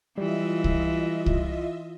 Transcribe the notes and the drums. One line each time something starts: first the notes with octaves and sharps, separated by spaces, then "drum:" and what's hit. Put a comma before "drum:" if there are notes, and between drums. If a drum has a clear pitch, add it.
E3 G3 F4 D#5 E5
drum: kick C2
drum: kick C2